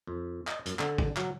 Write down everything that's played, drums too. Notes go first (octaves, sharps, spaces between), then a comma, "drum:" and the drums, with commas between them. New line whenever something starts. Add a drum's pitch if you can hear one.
F2
D#5, drum: clap
F#2, drum: hi-hat
D3, drum: clap
drum: kick
F#3, drum: clap